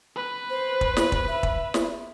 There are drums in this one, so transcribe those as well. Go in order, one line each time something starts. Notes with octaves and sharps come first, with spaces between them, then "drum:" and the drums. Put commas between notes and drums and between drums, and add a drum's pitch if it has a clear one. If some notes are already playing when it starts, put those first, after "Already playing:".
B4
C5
drum: kick
drum: snare
drum: kick
E5
drum: kick
drum: snare